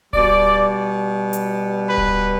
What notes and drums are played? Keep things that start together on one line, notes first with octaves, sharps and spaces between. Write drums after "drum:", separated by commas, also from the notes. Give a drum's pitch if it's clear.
B2 G3 D5, drum: kick D1
drum: hi-hat
B4
drum: kick D1